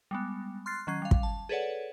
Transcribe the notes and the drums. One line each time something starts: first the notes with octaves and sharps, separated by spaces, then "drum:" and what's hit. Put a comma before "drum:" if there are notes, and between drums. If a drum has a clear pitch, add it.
G3 G#3 B3
C6 F6 F#6 A6 C7
D#3 F#3 C#4 F#6 C7
G3 F5
drum: kick
A5
G#4 A4 B4 C#5 D5 F#5